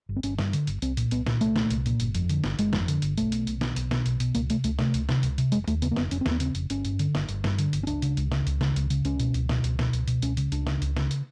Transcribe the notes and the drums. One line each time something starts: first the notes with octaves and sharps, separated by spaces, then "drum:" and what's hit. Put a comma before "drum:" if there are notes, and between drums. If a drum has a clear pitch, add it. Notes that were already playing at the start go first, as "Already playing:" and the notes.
G1
C4
G1 C#4, drum: hi-hat
G2, drum: snare
D3, drum: hi-hat
G1, drum: hi-hat
C2 C4, drum: hi-hat
A#2, drum: hi-hat
C2 B3, drum: hi-hat
A#2, drum: snare
C2 A3, drum: hi-hat
A#2, drum: snare
C2, drum: hi-hat
A#2, drum: hi-hat
G1, drum: hi-hat
F2, drum: hi-hat
D3, drum: hi-hat
G1, drum: snare
G1 G#3, drum: hi-hat
F2, drum: snare
D3, drum: hi-hat
G1, drum: hi-hat
B1 A3, drum: hi-hat
B2, drum: hi-hat
B1, drum: hi-hat
B2, drum: snare
B1, drum: hi-hat
B2, drum: snare
B1, drum: hi-hat
B2, drum: hi-hat
C#2 A#3, drum: hi-hat
C3 A3, drum: hi-hat
C#2 A3, drum: hi-hat
C3 A3, drum: snare
C#2, drum: hi-hat
C3, drum: snare
C#2, drum: hi-hat
C3, drum: hi-hat
F1 G#3, drum: hi-hat
D#2 A3, drum: hi-hat
C#3 B3, drum: hi-hat
A#3
F1 B3, drum: snare
F1 C#4, drum: hi-hat
C4
D#2, drum: snare
B3
C#3 C4, drum: hi-hat
F1, drum: hi-hat
G1 C#4, drum: hi-hat
G2, drum: hi-hat
D3, drum: hi-hat
G1, drum: snare
G1, drum: hi-hat
G2, drum: snare
D3, drum: hi-hat
G1, drum: hi-hat
C#4
C#2 D4, drum: hi-hat
C#3, drum: hi-hat
C#2, drum: hi-hat
C#3, drum: snare
C#2, drum: hi-hat
C#3, drum: snare
C#2, drum: hi-hat
C#3, drum: hi-hat
C#2 C#4, drum: hi-hat
B2, drum: hi-hat
C#2, drum: hi-hat
B2, drum: snare
C#2, drum: hi-hat
B2, drum: snare
C#2, drum: hi-hat
B2, drum: hi-hat
C#2 C#4, drum: hi-hat
C#3, drum: hi-hat
C#2 D4, drum: hi-hat
C#3, drum: snare
C#2, drum: hi-hat
C#3, drum: snare
drum: hi-hat